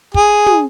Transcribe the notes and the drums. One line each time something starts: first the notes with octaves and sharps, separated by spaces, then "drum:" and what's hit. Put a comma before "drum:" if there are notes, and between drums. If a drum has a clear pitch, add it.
G#4, drum: kick
drum: tom